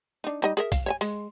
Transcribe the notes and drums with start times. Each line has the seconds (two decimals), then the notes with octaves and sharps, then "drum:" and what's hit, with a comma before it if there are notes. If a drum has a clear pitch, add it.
0.24 D4 D#4
0.42 G3 D#4 D#5
0.57 G#4 A#4 E5
0.72 F5, drum: kick, hi-hat
0.86 C#5 E5 G#5
1.01 G#3, drum: hi-hat